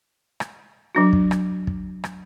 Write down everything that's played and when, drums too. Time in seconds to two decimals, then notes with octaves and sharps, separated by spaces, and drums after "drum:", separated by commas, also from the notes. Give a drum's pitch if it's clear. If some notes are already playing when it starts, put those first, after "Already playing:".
0.40 drum: rim click
0.95 F#3 D4 F#4
1.13 drum: kick
1.31 drum: rim click
1.67 drum: kick
2.04 drum: rim click